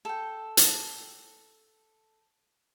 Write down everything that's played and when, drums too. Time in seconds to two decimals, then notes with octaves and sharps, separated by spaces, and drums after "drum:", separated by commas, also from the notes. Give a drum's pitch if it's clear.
0.05 A4 G5
0.57 drum: hi-hat